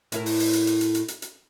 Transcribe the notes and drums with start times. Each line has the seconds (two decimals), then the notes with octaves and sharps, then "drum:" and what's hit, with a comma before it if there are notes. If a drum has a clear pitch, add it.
0.12 A2 E4 A#4, drum: hi-hat
0.26 drum: open hi-hat
0.40 drum: open hi-hat
0.53 drum: hi-hat
0.67 drum: hi-hat
0.81 drum: hi-hat
0.95 drum: hi-hat
1.08 drum: hi-hat
1.22 drum: hi-hat